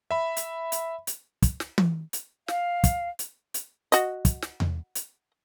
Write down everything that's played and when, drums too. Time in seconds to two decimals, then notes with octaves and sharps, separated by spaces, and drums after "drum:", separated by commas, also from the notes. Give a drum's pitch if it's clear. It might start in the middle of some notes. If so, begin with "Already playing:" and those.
0.11 E5 B5
0.37 drum: hi-hat
0.72 drum: hi-hat
1.07 drum: hi-hat
1.42 drum: kick, hi-hat
1.60 drum: snare
1.78 drum: tom
2.13 drum: hi-hat
2.48 F5, drum: snare
2.84 drum: kick, hi-hat
3.19 drum: hi-hat
3.54 drum: hi-hat
3.92 F#4 D#5, drum: hi-hat
4.25 drum: kick, hi-hat
4.42 drum: snare
4.60 drum: tom E2
4.95 drum: hi-hat